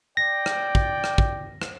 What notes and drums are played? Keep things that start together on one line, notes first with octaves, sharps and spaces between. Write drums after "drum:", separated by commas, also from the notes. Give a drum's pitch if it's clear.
D5 G5 A#6
drum: rim click
drum: kick
drum: rim click
drum: kick
drum: rim click